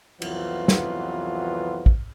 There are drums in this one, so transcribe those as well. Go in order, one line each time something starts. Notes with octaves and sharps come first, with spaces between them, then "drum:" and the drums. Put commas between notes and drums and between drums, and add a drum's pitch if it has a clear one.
C2 F2 E3 F#3 B3 F4, drum: cymbal
drum: snare
drum: kick